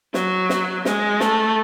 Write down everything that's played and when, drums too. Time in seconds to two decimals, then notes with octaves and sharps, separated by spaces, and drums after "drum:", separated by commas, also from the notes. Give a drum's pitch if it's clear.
0.14 F#3, drum: snare
0.49 drum: snare
0.85 G#3, drum: snare
1.20 A3, drum: snare